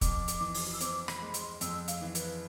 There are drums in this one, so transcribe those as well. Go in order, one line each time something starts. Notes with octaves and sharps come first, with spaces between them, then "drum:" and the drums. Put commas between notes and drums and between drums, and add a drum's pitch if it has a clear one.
F2 D6, drum: kick, hi-hat
drum: hi-hat
E3
drum: open hi-hat
E6
C4 D6, drum: hi-hat
B5, drum: rim click
G#3
C6, drum: hi-hat
F2 E6, drum: hi-hat
F5, drum: hi-hat
E3
B4, drum: hi-hat